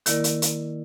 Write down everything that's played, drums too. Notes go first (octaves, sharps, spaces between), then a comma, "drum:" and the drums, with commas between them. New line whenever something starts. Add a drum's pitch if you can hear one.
D#3 A#3 E4 A#4 D5, drum: hi-hat
drum: hi-hat
drum: hi-hat